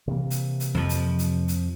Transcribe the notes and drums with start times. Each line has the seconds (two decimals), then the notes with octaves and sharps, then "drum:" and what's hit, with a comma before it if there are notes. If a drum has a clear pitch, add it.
0.07 C3 E3 A#3
0.30 drum: hi-hat
0.60 drum: hi-hat
0.75 F2 F3
0.89 drum: hi-hat
1.19 drum: hi-hat
1.48 drum: hi-hat